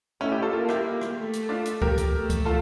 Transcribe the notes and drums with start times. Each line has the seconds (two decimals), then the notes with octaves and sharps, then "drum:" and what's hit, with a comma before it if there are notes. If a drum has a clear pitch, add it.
0.21 A3 C#4 E4
0.31 E4 G4
0.42 F4 A4
0.53 A#3 F4 A4
0.69 E4 G4, drum: rim click
1.01 drum: rim click
1.18 A3
1.33 drum: hi-hat
1.49 D4 F4
1.66 drum: hi-hat
1.82 G4 A#4, drum: kick C#2
1.98 drum: hi-hat
2.14 A3
2.30 drum: kick C#2, hi-hat
2.45 F4 A4